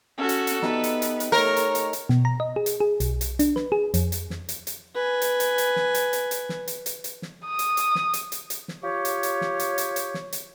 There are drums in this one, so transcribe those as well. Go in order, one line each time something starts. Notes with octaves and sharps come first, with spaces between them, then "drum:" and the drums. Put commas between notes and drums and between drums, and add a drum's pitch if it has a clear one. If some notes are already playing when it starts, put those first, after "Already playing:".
C#4 F#4 A4
drum: hi-hat
drum: hi-hat
B3 D#4 G4 B4 E5, drum: snare
drum: hi-hat
drum: hi-hat
drum: hi-hat
A3 A#4 C#5
drum: hi-hat
drum: hi-hat
drum: hi-hat
B2, drum: snare
A#5
D#5
G#4
drum: hi-hat
G#4
B1, drum: hi-hat
drum: hi-hat
D4, drum: hi-hat
B4, drum: snare
G#4
F2, drum: hi-hat
drum: hi-hat
drum: snare
drum: hi-hat
drum: hi-hat
B4 G#5
drum: hi-hat
drum: hi-hat
drum: hi-hat
drum: snare
drum: hi-hat
drum: hi-hat
drum: hi-hat
drum: snare
drum: hi-hat
drum: hi-hat
drum: hi-hat
drum: snare
D#6
drum: hi-hat
drum: hi-hat
drum: snare
drum: hi-hat
drum: hi-hat
drum: hi-hat
drum: snare
F4 G4 C#5
drum: hi-hat
drum: hi-hat
drum: snare
drum: hi-hat
drum: hi-hat
drum: hi-hat
drum: snare
drum: hi-hat